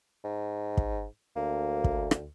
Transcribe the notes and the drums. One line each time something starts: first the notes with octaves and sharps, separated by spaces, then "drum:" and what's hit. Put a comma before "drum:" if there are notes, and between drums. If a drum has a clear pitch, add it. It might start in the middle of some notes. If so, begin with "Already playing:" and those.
G#2
drum: kick
D2 A#3
drum: kick
drum: rim click